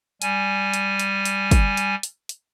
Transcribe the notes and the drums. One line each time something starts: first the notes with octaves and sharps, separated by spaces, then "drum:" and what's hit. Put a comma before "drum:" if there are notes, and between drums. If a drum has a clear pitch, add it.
G3 G#5, drum: hi-hat
drum: hi-hat
drum: hi-hat
drum: hi-hat
drum: kick, hi-hat
drum: hi-hat
drum: hi-hat
drum: hi-hat